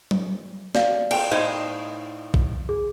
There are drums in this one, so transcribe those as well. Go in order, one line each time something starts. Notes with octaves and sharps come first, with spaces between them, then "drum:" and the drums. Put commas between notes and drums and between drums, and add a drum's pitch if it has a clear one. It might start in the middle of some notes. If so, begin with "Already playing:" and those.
drum: tom F#3
D5 F5, drum: snare
G5, drum: cymbal
A2 D#4 C5
drum: kick
G#4